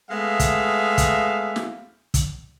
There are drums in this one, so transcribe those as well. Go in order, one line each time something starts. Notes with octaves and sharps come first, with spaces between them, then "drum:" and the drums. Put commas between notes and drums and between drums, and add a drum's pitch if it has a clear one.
G#3 A3 B3 E5 F5
drum: kick, hi-hat
drum: kick, hi-hat
drum: snare
drum: kick, hi-hat